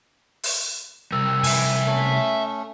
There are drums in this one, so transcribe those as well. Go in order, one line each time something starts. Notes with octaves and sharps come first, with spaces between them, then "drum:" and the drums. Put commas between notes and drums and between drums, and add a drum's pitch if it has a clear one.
drum: open hi-hat
C3 G3 A#4 E6
E5 G#5, drum: open hi-hat
A3 C#4